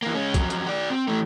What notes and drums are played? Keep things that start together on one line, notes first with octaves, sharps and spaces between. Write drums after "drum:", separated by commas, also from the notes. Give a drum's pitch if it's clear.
E3 A#3
G#3 C#4
F2 F#3, drum: kick, hi-hat
drum: hi-hat
F#4 D5
C4
E3 A3